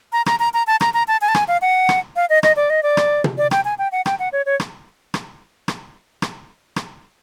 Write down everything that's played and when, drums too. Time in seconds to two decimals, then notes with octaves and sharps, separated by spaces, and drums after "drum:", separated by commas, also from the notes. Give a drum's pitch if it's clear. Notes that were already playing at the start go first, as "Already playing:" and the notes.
0.13 A#5
0.26 A#5, drum: rim click
0.40 A#5
0.54 A#5
0.67 A5
0.81 A#5, drum: rim click
0.94 A#5
1.08 A5
1.21 G#5
1.28 A5
1.35 G#5, drum: rim click
1.48 F5
1.62 F#5
1.89 drum: rim click
2.16 F5
2.30 D#5
2.43 D#5, drum: rim click
2.56 D5
2.70 D#5
2.83 D5
2.97 drum: rim click
3.24 drum: tom
3.38 D5
3.51 G5, drum: rim click
3.65 G#5
3.79 G5
3.92 F#5
4.06 G5, drum: rim click
4.19 F#5
4.33 C#5
4.46 C#5
4.60 drum: rim click
5.14 drum: rim click
5.68 drum: rim click
6.22 drum: rim click
6.76 drum: rim click